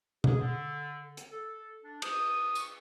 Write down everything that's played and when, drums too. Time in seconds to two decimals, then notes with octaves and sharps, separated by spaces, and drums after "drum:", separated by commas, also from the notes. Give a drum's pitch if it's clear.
0.24 G#4, drum: tom B2
0.39 D3
1.17 drum: hi-hat
1.32 A4
1.84 D4
2.02 D#6, drum: cymbal
2.55 C#6, drum: tambourine